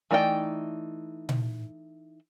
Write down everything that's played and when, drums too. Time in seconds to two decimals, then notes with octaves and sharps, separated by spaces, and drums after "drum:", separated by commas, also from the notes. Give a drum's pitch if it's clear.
0.11 E3 A3 D#4 D5 G5
1.29 drum: tom A#2